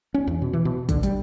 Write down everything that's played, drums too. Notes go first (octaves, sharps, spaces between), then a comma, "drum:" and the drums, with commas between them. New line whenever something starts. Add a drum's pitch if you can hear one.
C#4
E2
B2
E3
B2
D3, drum: kick, hi-hat
G3, drum: hi-hat